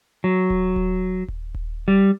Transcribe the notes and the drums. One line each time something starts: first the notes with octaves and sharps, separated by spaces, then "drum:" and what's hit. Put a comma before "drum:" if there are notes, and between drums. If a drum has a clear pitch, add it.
F#3
drum: kick D#1
drum: kick D#1
drum: kick D#1
drum: kick D#1
G3